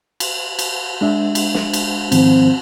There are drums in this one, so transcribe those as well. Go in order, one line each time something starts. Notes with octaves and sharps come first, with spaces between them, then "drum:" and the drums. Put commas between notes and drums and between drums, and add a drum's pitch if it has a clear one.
drum: cymbal
drum: cymbal
G#3 D4 E5
drum: cymbal
drum: snare
drum: cymbal
G#2 D#3 F3 C4, drum: cymbal